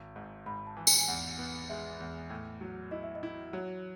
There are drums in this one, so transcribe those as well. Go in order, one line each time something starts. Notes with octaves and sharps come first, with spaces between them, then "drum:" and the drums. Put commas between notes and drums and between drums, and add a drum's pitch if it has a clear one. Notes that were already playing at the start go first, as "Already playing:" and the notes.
Already playing: G#1
G#2
G#2 B5
B5
A5
E3
G#5, drum: tambourine
G#5
E2 F#5
B3
G#3 E5
E2
A2
F#3
E4 D#5
E5
D#5
E4
F#3 C#5